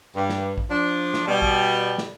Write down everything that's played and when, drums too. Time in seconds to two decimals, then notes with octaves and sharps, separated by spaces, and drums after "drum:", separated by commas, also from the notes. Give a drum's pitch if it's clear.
0.16 G2
0.29 drum: snare
0.58 drum: kick A#1
0.69 F3 D4
1.14 drum: snare
1.28 B2 G3
1.42 drum: kick A#1
1.98 drum: snare